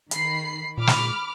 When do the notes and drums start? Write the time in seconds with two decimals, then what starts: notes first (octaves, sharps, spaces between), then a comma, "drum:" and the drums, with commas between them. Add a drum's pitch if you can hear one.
0.11 D#3 B5 C7, drum: hi-hat
0.78 A#2 B5 D6 F6
0.87 drum: snare